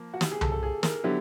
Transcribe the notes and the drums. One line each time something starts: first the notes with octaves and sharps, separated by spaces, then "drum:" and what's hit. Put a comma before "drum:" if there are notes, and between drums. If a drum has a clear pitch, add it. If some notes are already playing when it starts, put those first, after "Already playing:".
Already playing: F3 A#3
F#4
G4, drum: snare
G#4
A4, drum: tom C2
A4
G#4
A#4, drum: snare
D3 F#3 B3 E4 G4